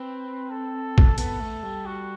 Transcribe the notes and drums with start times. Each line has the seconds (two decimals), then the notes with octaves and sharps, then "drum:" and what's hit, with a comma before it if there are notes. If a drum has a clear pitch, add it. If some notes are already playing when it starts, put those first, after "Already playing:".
Already playing: C4 B4
0.50 A4
0.98 drum: kick
1.18 B3 A4, drum: hi-hat
1.40 A3
1.63 G3
1.86 F#4